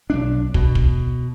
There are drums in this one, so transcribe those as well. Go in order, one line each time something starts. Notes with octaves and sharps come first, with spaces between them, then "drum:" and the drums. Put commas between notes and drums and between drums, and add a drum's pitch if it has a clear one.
B1 D4
B2, drum: kick
drum: kick